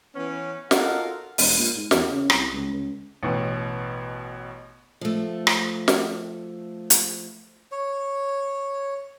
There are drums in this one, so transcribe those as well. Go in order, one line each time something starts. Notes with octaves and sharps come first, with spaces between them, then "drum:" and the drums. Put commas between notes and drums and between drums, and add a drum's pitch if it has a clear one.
E3 B3 C#4
D#4 F4 F#4 A4 A#4 F#5, drum: snare
E1, drum: open hi-hat
A#2
G#2
E2, drum: snare
C#3
C2, drum: rim click
C#2
C#2
A1 B2
F3 A3
drum: rim click
drum: snare
drum: hi-hat
C#5